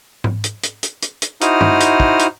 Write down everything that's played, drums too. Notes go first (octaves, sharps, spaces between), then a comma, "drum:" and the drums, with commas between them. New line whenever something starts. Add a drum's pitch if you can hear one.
drum: tom G#2
drum: hi-hat
drum: hi-hat
drum: hi-hat
drum: hi-hat
drum: hi-hat
D#4 E4 F#4 C5 D#6 F6, drum: hi-hat
drum: tom G2
drum: hi-hat
drum: kick
drum: hi-hat